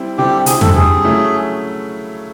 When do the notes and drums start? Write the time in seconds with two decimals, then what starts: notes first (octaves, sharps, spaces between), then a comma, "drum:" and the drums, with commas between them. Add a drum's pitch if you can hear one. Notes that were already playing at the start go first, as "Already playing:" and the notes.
Already playing: G3 C4 E4
0.18 D3 G3 C4 E4 G4
0.46 D3 G3 C4 E4 G#4, drum: hi-hat
0.61 A4, drum: tom
0.75 D3 G3 C4 E4 G#4
1.04 C#3 F#3 A3 C#4 E4